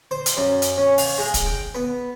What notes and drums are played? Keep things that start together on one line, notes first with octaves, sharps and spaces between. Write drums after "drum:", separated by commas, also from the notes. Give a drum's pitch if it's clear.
C5
drum: hi-hat
F#2
drum: hi-hat
C#4
F5, drum: open hi-hat
G#3
drum: kick, hi-hat
G5
B3